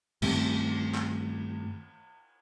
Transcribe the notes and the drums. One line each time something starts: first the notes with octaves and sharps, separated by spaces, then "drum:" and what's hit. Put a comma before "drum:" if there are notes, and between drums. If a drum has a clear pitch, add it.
G2 D#3 A3 C4, drum: cymbal
drum: clap